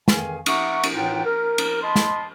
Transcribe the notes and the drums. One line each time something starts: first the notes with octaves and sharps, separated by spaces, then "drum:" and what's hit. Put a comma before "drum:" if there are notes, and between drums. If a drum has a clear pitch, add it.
F2 D#3 E3 G#4 F5 G#5, drum: snare
E5 F#5 A#5 C#6, drum: cymbal
drum: cymbal
A2 E3 D#4 F4 F#5 G5
A#4
drum: cymbal
D#5 A5 B5 C6
drum: snare